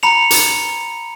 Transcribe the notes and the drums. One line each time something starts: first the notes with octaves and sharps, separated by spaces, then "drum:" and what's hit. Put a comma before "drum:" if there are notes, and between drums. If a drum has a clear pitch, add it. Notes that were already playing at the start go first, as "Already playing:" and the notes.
A#5 B5 C#7 F7
drum: hi-hat